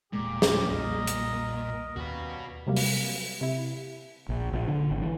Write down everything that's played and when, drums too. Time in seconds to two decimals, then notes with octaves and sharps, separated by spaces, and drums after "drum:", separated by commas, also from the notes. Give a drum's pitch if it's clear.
0.13 E1 A#2 G#3 G4 D6
0.42 drum: snare
0.70 B1 F2 G3 A#4 D#5
1.07 drum: hi-hat
1.97 D#2 G3 A#3 C#4 F#4 B4
2.67 C3 F#3 G3 A#3
2.77 drum: open hi-hat
3.41 C3 E4
4.29 A#1
4.53 A#1
4.68 D3
4.91 G#1
5.02 E3